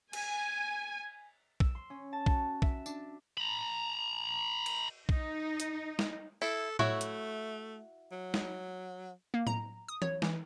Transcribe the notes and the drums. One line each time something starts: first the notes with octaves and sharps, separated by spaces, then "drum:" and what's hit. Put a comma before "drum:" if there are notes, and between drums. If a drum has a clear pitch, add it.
G#5, drum: cymbal
E6, drum: kick
C6
C#4
A5
F#4, drum: kick
E5, drum: kick
D4, drum: tambourine
A#5 B5
drum: cymbal
D#4, drum: kick
drum: hi-hat
drum: snare
E4 A4
A3 E4 F#4 C#5, drum: tom A2
drum: hi-hat
F#3
drum: snare
A#3
A#5, drum: tom A2
D#6
C#5, drum: tom E3
E3, drum: snare